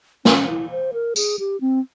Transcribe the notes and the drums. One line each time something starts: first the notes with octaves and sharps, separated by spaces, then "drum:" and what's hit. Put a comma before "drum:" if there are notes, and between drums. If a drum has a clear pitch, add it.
C#4, drum: snare
E4
C5
A#4
G#4, drum: tambourine
G4
C4